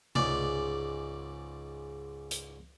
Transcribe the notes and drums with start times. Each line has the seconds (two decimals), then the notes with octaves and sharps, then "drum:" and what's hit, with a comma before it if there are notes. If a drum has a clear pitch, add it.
0.15 C#2 G#2 D5, drum: tom C3
2.31 drum: hi-hat